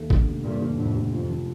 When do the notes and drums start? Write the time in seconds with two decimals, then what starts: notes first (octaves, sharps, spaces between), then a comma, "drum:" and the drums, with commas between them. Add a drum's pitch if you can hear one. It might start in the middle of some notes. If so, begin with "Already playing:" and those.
Already playing: D#2 A3
0.10 D3, drum: kick
0.28 F1
0.44 G2 A#2 A3
0.60 D#2
0.77 F2 A2 D3
0.95 F1
1.12 F2 F4
1.29 F3